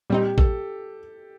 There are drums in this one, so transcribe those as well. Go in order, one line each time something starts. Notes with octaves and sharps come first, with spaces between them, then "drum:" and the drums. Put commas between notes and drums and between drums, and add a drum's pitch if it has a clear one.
A#2 G3 C4 D#4 G4
A4, drum: kick